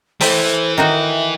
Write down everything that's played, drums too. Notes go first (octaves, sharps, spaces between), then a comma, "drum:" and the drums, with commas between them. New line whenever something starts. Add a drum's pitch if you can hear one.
E3 A3 C5 E5 G5, drum: open hi-hat
D#3 D#4 F#4 E5